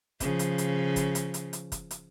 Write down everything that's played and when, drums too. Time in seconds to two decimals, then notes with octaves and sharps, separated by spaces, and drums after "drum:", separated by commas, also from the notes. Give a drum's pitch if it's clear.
0.20 C#3 F3, drum: kick, hi-hat
0.39 drum: hi-hat
0.58 drum: hi-hat
0.96 drum: kick, hi-hat
1.15 drum: hi-hat
1.34 drum: hi-hat
1.53 drum: hi-hat
1.72 drum: kick, hi-hat
1.91 drum: hi-hat